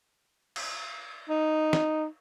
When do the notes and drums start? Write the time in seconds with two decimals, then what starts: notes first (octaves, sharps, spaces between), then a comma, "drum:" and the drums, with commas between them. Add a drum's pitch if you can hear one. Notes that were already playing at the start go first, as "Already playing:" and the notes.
0.56 drum: cymbal
1.29 D#4
1.73 drum: snare